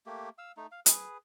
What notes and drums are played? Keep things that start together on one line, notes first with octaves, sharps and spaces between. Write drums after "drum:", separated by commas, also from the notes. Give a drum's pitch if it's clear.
A3 A#3 G4
F5 E6
A3 D#4
F5
G#4 B4, drum: hi-hat